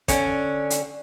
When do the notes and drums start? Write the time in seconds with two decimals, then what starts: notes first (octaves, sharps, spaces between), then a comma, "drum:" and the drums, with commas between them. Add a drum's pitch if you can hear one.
0.08 D3 C#4, drum: kick, hi-hat
0.70 drum: hi-hat